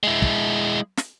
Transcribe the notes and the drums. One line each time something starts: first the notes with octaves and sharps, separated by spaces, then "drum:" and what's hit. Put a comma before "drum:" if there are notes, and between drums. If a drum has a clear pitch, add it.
G#3 E4
drum: kick
drum: snare